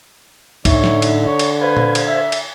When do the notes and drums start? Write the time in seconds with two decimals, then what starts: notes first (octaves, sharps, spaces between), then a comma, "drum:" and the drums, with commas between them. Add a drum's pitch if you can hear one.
0.65 A2 D3 D#4 C#5 E5, drum: kick, cymbal
0.84 drum: snare
1.02 drum: cymbal
1.26 C#5
1.39 drum: cymbal
1.61 B4 C5 F5 G#6
1.77 drum: tom A#2
1.95 drum: cymbal
2.07 E5
2.32 drum: cymbal